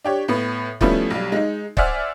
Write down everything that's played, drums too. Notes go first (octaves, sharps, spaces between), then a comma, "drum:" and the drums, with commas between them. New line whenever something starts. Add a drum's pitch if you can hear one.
D4 G4 C#5
A2 B3
F3 G3 A3 B3 C#4 E4, drum: kick C#1
B1 G3
G#3 D#4
C5 D5 E5 F#5 G#5 F6, drum: kick C#1